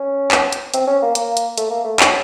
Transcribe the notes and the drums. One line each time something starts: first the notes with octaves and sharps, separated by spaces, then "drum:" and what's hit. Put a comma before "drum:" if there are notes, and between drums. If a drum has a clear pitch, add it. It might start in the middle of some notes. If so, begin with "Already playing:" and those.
Already playing: C#4
drum: clap
drum: hi-hat
C4, drum: hi-hat
C#4
A#3
A#3, drum: hi-hat
drum: hi-hat
A3, drum: hi-hat
A#3
A3
F#3, drum: clap